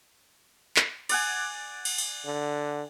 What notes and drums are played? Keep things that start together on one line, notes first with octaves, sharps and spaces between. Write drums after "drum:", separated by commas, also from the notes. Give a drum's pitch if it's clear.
drum: clap
D5 F#5 G#5, drum: cymbal
drum: cymbal
drum: open hi-hat
D3